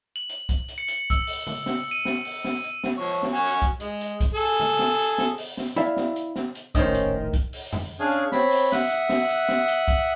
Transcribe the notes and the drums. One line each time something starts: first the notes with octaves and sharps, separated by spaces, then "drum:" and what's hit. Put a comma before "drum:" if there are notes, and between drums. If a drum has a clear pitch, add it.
F#7
drum: hi-hat
drum: kick, hi-hat
drum: hi-hat
C#7
drum: hi-hat
E6, drum: kick, hi-hat
drum: open hi-hat
drum: tom C#3
drum: snare
D#7
drum: snare
drum: open hi-hat
drum: snare
drum: hi-hat
drum: snare
F3 C#5
drum: snare
F#4 G#5 C#6
drum: kick, hi-hat
G#3, drum: hi-hat
drum: hi-hat
drum: kick, hi-hat
G#4 A4
drum: tom C#3
drum: snare
drum: hi-hat
drum: snare
drum: open hi-hat
drum: snare
E4 D5 E5 F5, drum: hi-hat
drum: snare
drum: hi-hat
drum: snare
drum: hi-hat
F1 A#1 A2 D#3 C#4 C5 D#6, drum: kick, hi-hat
drum: hi-hat
drum: kick, hi-hat
drum: open hi-hat
drum: tom F2
C#4 D4 G#4 C#5 F5 G#5
drum: hi-hat
C4 C#5 B5, drum: snare
drum: open hi-hat
E5 F#5 D#6 F#6, drum: snare
drum: hi-hat
drum: snare
drum: hi-hat
drum: snare
drum: hi-hat
drum: kick, hi-hat